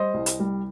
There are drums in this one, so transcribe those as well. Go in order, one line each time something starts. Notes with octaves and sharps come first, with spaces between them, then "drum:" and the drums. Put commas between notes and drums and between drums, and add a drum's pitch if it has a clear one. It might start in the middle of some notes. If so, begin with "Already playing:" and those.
Already playing: G3 C5 D#5
C2
drum: hi-hat
G3